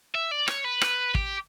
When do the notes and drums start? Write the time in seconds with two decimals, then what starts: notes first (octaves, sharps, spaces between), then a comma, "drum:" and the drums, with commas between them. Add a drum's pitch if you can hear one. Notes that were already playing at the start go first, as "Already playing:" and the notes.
0.15 E5
0.31 D5
0.48 C#5, drum: rim click
0.65 B4
0.81 drum: rim click
1.15 G4, drum: kick